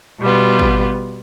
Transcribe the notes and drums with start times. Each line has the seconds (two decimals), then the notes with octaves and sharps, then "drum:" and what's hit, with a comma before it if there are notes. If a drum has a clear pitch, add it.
0.21 B2 G3 B3 F4
0.59 drum: kick G#1